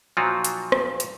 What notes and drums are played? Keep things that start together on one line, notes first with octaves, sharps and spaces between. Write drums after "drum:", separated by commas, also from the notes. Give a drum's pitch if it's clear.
A#2 F3 F#3 D#4 F4 F#4
drum: hi-hat
drum: rim click
drum: hi-hat